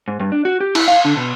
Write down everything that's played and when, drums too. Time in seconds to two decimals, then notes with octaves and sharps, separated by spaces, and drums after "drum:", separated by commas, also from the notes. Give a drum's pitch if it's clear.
0.08 G#2
0.20 G2
0.32 D4
0.45 F#4
0.61 G4
0.75 E4, drum: cymbal
0.88 F5
1.05 D3
1.17 B2